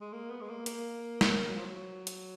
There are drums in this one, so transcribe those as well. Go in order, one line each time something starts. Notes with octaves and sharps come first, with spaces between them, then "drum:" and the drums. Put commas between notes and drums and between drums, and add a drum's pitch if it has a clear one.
G#3
A#3
B3
G#3
A#3
A#3, drum: hi-hat
A#3, drum: snare
F#3
F3
F#3
drum: hi-hat